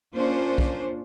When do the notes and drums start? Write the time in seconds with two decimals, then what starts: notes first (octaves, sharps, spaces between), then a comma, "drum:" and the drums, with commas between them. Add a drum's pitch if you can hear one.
0.15 A#3 C#4 D4 F4 C5
0.58 drum: kick B1